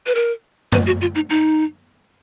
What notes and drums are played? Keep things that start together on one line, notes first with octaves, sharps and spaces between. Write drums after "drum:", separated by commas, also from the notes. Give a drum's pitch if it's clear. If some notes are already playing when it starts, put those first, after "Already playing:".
B4
A#4
B4, drum: tom F#2
F#4
F4
D#4
D#4